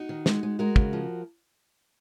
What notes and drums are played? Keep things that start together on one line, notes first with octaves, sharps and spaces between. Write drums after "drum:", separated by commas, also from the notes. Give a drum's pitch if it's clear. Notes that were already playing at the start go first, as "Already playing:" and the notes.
Already playing: D#4 F#4
D#3
G#3, drum: snare
G#3
G#3 F#4 A#4
C#3, drum: kick
F3